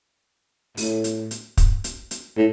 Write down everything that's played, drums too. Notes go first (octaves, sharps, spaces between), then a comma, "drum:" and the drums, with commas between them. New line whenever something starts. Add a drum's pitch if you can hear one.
A2, drum: open hi-hat
drum: hi-hat
drum: hi-hat
drum: kick, hi-hat
drum: hi-hat
drum: hi-hat
A2